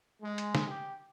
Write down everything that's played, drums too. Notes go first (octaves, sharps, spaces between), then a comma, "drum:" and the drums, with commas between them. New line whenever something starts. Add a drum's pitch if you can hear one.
G#3
drum: hi-hat
drum: snare
G4